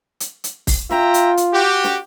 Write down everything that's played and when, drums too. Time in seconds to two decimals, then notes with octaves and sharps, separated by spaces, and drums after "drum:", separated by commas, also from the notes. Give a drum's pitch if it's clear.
0.20 drum: hi-hat
0.44 drum: hi-hat
0.67 drum: kick, open hi-hat
0.91 F4 E5 G5 A#5, drum: snare
1.14 drum: hi-hat
1.37 drum: hi-hat
1.53 F#4 G4
1.84 drum: snare